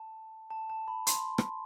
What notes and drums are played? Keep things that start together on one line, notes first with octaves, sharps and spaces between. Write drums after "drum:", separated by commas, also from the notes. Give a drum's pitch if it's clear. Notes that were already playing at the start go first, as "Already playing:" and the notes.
Already playing: A5
A5
A5
B5
C6, drum: hi-hat
drum: rim click